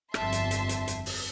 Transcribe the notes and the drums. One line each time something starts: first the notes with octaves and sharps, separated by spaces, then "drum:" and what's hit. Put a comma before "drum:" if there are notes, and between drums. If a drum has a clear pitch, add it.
G1 F2 E5 A5 C6, drum: rim click
drum: hi-hat
drum: hi-hat
drum: hi-hat
drum: hi-hat
drum: open hi-hat